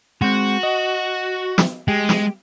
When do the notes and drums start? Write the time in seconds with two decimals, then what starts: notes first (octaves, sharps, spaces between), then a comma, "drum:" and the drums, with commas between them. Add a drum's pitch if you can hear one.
0.22 G#3 C4 F#4
0.63 D#5
1.58 drum: snare
1.88 G#3 G4
2.09 drum: snare